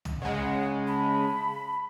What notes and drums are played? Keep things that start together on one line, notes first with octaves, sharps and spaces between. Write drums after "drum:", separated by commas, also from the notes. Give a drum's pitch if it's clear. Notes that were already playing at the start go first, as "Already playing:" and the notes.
drum: tom
C#3 G#3 F#5
A5 B5